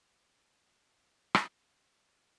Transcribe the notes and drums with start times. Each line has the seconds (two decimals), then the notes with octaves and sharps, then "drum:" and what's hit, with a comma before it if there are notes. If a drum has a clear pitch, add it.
1.35 drum: rim click
1.68 E4